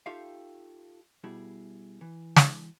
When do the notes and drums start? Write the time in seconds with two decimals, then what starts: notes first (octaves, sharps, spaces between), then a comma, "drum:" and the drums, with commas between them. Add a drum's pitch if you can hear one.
0.06 D#4 F4 G4 A4 E5 F5
1.24 B2 G3 E4 G#4
2.01 E3
2.37 drum: snare